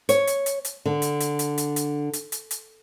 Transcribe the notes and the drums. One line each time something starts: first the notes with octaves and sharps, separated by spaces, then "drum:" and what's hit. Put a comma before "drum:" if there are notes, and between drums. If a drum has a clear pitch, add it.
C#5, drum: hi-hat
drum: hi-hat
drum: hi-hat
drum: hi-hat
D3
drum: hi-hat
drum: hi-hat
drum: hi-hat
drum: hi-hat
drum: hi-hat
drum: hi-hat
drum: hi-hat
drum: hi-hat